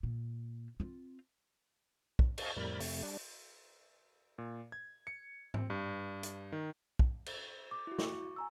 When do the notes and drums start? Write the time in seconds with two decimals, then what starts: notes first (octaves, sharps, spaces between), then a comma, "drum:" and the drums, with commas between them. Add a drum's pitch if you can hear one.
0.03 A#2
0.80 C4 F4
2.19 drum: kick
2.38 D#5 F5 G#5 A5 C#6, drum: cymbal
2.57 F2 A2 G3 A#4 B5
2.80 F2 C3 A3, drum: open hi-hat
3.03 G3 D4
4.38 A#2
4.72 G#6
5.07 C#7
5.54 C4, drum: tom G#2
5.70 G2
6.23 drum: hi-hat
6.52 D#3
6.99 drum: kick
7.26 drum: cymbal
7.71 D6
7.87 E4 F#4
7.99 C#6, drum: snare
8.36 G#5 A#5 E6